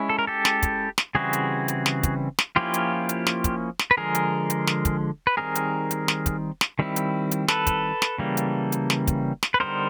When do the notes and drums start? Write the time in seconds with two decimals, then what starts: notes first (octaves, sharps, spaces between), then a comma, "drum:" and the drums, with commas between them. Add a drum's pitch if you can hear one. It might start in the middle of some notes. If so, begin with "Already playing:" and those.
Already playing: G#3 C#4 E4
0.09 A4
0.19 A#4
0.27 G4 A4
0.45 drum: snare
0.63 drum: kick, hi-hat
0.98 drum: snare
1.15 C#3 E3 G3 C4 E4 F#4 G#4
1.33 drum: hi-hat
1.68 drum: hi-hat
1.86 drum: snare
2.03 drum: kick, hi-hat
2.39 drum: snare
2.56 F3 A#3 C#4 E4 F4 G4
2.74 drum: hi-hat
3.09 drum: hi-hat
3.27 drum: snare
3.44 drum: kick, hi-hat
3.79 drum: snare
3.91 B4
3.97 D3 F3 G#3 G#4 A#4
4.15 drum: hi-hat
4.50 drum: hi-hat
4.67 drum: snare
4.85 drum: kick, hi-hat
5.27 B4
5.37 D#3 G3 C4 D#4 G#4 A#4
5.55 drum: hi-hat
5.91 drum: hi-hat
6.08 drum: snare
6.26 drum: kick, hi-hat
6.61 drum: snare
6.79 D#3 G3 C4 E4
6.96 drum: hi-hat
7.31 drum: hi-hat
7.48 A4 B4, drum: snare
7.67 drum: kick, hi-hat
8.02 drum: snare
8.18 C#3 E3 G3 A#3
8.37 drum: hi-hat
8.72 drum: hi-hat
8.90 drum: snare
9.07 drum: kick, hi-hat
9.43 drum: snare
9.54 B4
9.60 D3 G3 B3 D#4 A#4 C5